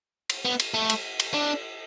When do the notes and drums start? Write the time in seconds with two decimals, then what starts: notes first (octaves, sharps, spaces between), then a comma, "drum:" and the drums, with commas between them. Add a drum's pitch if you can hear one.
0.30 drum: cymbal
0.45 B3
0.60 drum: cymbal
0.74 A3
0.90 drum: cymbal
1.20 drum: cymbal
1.34 D4